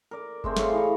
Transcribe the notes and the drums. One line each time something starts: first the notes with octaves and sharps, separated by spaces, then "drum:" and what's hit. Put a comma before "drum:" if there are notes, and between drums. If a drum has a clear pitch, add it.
A#4 D5
G#3 A3 C4, drum: kick F#1
G#2 C#5 F5, drum: snare
A2 E3 G#4 A#5